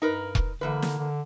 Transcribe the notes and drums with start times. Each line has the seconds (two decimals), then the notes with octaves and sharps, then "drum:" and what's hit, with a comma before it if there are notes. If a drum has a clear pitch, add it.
0.02 G2 D#4 A#4 B4
0.35 drum: kick E1
0.61 D3 E3 A#3 B4
0.82 drum: snare
0.98 D3